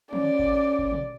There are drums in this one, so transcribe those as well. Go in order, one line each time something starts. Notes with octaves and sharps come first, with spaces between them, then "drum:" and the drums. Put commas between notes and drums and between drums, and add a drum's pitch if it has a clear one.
C#4 D5, drum: tom
drum: kick G#1
drum: kick G#1
drum: tom